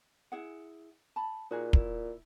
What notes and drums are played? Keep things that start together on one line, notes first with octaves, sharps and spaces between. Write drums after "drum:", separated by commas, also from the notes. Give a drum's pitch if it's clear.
E4 G#4 F#5
A5 B5
A#2 D#4 F#4 G#4
E4, drum: kick